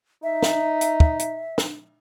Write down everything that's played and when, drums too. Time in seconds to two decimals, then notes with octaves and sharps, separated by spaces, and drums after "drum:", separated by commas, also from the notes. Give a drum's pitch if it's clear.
0.23 D#4 E5
0.42 drum: snare
0.81 drum: hi-hat
1.00 drum: kick
1.19 drum: hi-hat
1.58 drum: snare